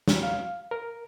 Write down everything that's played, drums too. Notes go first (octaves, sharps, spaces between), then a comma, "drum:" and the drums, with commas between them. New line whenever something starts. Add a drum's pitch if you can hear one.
drum: snare
F5
A#4